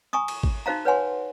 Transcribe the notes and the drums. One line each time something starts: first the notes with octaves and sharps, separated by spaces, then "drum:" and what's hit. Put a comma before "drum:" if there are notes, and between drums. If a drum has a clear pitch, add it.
G#5 A#5 C#6 D#6
drum: cymbal
drum: kick G#1
D#4 F#4 C5 F5 A#5
B4 C#5 F#5 G#5 C6